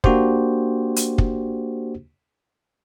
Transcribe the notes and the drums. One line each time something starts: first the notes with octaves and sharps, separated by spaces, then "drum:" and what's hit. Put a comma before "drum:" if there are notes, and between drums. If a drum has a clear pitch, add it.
A#3 D4 F#4 G4 C5, drum: kick
drum: hi-hat
drum: kick